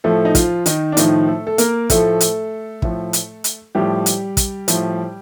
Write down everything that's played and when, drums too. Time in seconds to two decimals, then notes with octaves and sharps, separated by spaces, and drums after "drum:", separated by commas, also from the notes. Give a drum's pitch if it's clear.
0.04 A2 F3 A3 A4
0.25 D#4
0.35 F3 F4, drum: kick, hi-hat
0.66 D#3 D#4, drum: hi-hat
0.92 D4
0.97 A2 D#3 F3 D#4, drum: hi-hat
1.28 A3 A4
1.47 A4
1.58 A#3 A#4, drum: hi-hat
1.90 A2 F3 A3 A4, drum: kick, hi-hat
2.20 drum: hi-hat
2.82 A2 F3, drum: kick
3.13 drum: hi-hat
3.44 drum: hi-hat
3.75 A2 F3 G3 G4
4.06 drum: hi-hat
4.37 drum: kick, hi-hat
4.68 A2 F3, drum: hi-hat